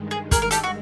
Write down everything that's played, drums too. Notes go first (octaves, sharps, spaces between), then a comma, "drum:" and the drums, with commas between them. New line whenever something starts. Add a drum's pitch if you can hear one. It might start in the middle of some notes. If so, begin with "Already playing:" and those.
Already playing: G2 D#3 G#3
G#4
G#4 A#4, drum: kick, hi-hat
A#4
G4 A4, drum: hi-hat
F#4